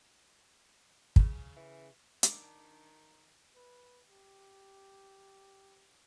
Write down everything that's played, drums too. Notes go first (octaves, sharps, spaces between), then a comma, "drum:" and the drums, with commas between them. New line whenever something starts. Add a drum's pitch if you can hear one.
C#3, drum: kick
E3
D#3 D4, drum: hi-hat
B4
G4